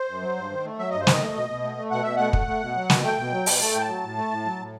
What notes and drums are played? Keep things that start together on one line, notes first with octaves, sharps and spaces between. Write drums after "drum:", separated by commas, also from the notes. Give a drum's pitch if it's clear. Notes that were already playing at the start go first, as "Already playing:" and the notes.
Already playing: C5
F#2
F#3
G2
D#3
A3
F#3 E5
G2 D#5
C5
D#3, drum: snare
D#5
A3
B2
B2
A3
A3
B2 F#5
B2 E5
A3 F#5
A3, drum: kick
A3
B2
F#3
B2, drum: snare
A3 G5
B2
F#3
B2, drum: open hi-hat
A3 A5
A2 G5
A5
F#3
A2
A3
A2
F#3
A2